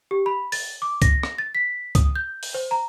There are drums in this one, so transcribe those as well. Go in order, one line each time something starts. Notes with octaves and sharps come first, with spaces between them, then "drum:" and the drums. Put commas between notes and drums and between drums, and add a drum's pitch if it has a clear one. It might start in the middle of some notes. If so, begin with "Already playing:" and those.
G4
B5
A6, drum: open hi-hat
D6
A#6, drum: kick C#2, hi-hat
drum: rim click
A6
B6
D#6, drum: kick C#2, hi-hat
G6
drum: open hi-hat
C5
A#5